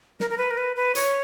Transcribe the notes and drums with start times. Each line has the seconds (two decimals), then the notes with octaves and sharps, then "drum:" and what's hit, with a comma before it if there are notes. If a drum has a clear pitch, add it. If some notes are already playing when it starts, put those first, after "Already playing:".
0.20 A#4, drum: snare
0.30 A#4
0.38 B4
0.51 A#4
0.57 B4
0.76 B4
0.95 C#5, drum: hi-hat